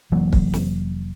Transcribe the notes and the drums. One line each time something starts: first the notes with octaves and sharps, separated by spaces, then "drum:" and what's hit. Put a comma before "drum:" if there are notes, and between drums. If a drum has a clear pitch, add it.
F1 E3 F#3 A#3
drum: kick
drum: snare